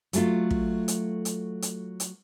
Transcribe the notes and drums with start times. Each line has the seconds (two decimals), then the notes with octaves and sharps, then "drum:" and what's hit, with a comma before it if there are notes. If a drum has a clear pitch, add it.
0.13 F#3 A3 F4, drum: hi-hat
0.51 drum: kick
0.88 drum: hi-hat
1.25 drum: hi-hat
1.62 drum: hi-hat
2.00 drum: hi-hat